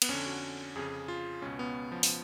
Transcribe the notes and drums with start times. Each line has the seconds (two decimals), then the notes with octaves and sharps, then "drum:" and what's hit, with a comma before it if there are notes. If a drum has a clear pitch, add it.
0.02 B3, drum: cymbal
0.09 F2 D3 C#4
0.26 F#4
0.75 F2 C#3 G#4
1.08 F4
1.42 C#2 B2 C#4
1.59 B3
1.92 F3
2.03 drum: open hi-hat